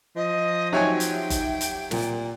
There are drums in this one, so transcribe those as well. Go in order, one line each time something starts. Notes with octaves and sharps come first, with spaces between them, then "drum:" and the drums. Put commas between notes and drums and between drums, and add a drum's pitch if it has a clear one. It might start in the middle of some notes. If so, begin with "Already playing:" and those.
F3 D#5
F#3 D#4 G4 C#5 E5 G5 G#5
drum: hi-hat
drum: kick F#1, hi-hat
drum: hi-hat
A#2, drum: snare